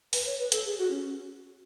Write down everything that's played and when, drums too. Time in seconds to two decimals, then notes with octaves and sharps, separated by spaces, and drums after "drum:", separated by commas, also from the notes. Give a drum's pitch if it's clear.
0.13 B4, drum: open hi-hat
0.26 C#5
0.39 B4
0.52 A4, drum: hi-hat
0.65 G#4
0.78 F#4
0.91 C#4